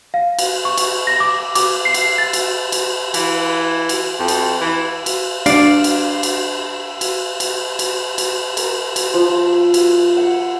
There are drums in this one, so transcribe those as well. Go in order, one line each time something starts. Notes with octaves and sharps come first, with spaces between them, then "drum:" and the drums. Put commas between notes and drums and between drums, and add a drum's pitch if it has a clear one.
F5
drum: cymbal
C#6
drum: cymbal
A#6
D6
D6, drum: cymbal
C7
drum: cymbal
A6
drum: cymbal
drum: cymbal
E3, drum: cymbal
drum: cymbal
F2
drum: cymbal
E3
drum: cymbal
D4 D5 F5 D6, drum: cymbal
drum: cymbal
drum: cymbal
drum: cymbal
drum: cymbal
drum: cymbal
drum: cymbal
A#4, drum: cymbal
drum: cymbal
F3
drum: cymbal
F#5